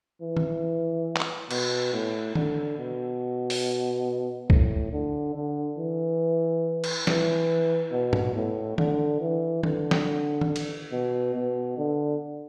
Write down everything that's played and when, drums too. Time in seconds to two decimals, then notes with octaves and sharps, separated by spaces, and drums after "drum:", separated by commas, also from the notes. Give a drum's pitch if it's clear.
0.22 E3
0.37 drum: tom D#3
1.17 drum: clap
1.51 B2, drum: cymbal
1.93 A2
2.35 D3, drum: tom D#3
2.78 B2
3.50 drum: open hi-hat
4.50 A2, drum: kick
4.92 D3
5.35 D3
5.78 E3
6.84 drum: cymbal
7.07 E3, drum: snare
7.92 B2
8.13 drum: tom G#2
8.35 A2
8.78 D3, drum: tom D#3
9.21 E3
9.63 D3, drum: tom D#3
9.91 drum: snare
10.41 drum: tom D#3
10.56 drum: cymbal
10.92 B2
11.35 B2
11.78 D3